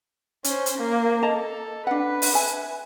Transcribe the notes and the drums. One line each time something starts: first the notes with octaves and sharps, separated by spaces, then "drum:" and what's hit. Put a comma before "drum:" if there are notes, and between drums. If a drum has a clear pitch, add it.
C#4 C5, drum: hi-hat
drum: hi-hat
A#3
A4 D#5 A5 A#5
D4 B4 F#5
drum: open hi-hat
E5 G#5